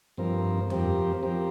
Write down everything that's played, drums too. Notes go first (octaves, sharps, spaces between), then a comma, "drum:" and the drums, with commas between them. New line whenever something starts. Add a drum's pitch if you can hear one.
G2 F3 C4 A#4
F3 C4 G4 A#4, drum: tom F2
F3 C4 G4 A#4